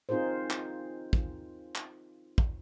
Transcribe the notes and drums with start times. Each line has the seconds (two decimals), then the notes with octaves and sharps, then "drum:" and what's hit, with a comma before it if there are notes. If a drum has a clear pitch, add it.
0.09 C4 D#4 F4 G#4 A#4 C5
0.50 drum: clap
1.13 drum: kick
1.75 drum: clap
2.38 drum: kick